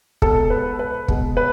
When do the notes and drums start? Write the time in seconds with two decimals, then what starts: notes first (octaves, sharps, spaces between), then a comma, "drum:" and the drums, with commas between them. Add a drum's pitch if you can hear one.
0.22 B2 G#3 A4, drum: kick
0.50 B4
0.79 B4
1.08 B2 G#3, drum: kick
1.37 B4